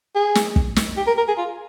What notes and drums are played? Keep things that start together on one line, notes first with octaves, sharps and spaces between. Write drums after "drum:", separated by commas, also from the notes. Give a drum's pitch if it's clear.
G#4
drum: snare
drum: kick
drum: snare
G4
A#4
A#4
G#4
F4